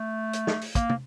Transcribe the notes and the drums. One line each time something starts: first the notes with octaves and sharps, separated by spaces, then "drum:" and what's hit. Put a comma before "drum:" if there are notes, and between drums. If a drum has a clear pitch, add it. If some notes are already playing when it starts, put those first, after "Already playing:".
Already playing: A3
drum: hi-hat
drum: snare
drum: open hi-hat
A#3, drum: kick, hi-hat
drum: tom